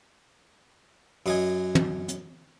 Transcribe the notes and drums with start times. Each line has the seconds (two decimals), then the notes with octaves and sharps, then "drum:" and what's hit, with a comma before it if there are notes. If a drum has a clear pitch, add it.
1.26 F#2 D#5 G#5, drum: open hi-hat
1.75 drum: tom
2.09 drum: hi-hat